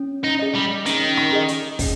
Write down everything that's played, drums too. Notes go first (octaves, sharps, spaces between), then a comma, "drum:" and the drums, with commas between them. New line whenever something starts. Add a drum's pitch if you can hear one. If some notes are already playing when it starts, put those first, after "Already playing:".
Already playing: C#4
D#4
G#4 D#5
G3
D#3 C#4, drum: hi-hat
drum: rim click
G#4 D#5
drum: hi-hat
C#4, drum: kick, open hi-hat